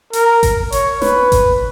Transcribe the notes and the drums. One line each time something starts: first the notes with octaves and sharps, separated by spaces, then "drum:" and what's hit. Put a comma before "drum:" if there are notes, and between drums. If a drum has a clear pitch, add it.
A#4, drum: hi-hat
drum: kick G#1, hi-hat
C#5, drum: hi-hat
B4, drum: snare
drum: kick G#1, hi-hat